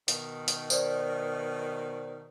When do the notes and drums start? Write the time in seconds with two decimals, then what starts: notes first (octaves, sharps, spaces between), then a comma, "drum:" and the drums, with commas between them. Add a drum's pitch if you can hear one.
0.08 B2 D#3, drum: hi-hat
0.48 drum: hi-hat
0.70 C5 D5, drum: tambourine